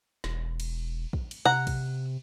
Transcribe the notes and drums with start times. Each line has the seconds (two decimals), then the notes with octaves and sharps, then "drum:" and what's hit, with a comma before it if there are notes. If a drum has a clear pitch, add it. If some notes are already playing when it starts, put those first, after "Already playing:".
0.24 E1, drum: snare
0.60 drum: cymbal
1.13 drum: kick
1.31 drum: cymbal
1.45 C3 F#5 A#5
1.67 drum: kick, cymbal